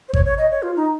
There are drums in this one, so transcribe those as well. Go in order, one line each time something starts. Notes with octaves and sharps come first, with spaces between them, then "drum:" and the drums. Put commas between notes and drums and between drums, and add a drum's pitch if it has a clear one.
C5
C#5, drum: kick G#1
C#5
D#5
C#5
F4
D#4